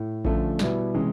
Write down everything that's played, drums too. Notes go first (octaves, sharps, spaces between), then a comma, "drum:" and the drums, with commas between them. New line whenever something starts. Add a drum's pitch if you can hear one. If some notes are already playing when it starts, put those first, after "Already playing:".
Already playing: A2
D3 F3 A3 C#4, drum: kick A1
B2 G3 B3 E4, drum: snare
C3 E3 G#3 C#4